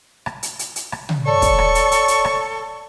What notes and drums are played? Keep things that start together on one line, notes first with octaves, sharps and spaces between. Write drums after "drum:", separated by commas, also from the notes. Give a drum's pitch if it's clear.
drum: rim click
drum: hi-hat
drum: hi-hat
drum: hi-hat
drum: rim click
drum: tom
A4 C#5 D5 C#6
drum: kick, hi-hat
drum: rim click
drum: hi-hat
drum: hi-hat
drum: hi-hat
drum: rim click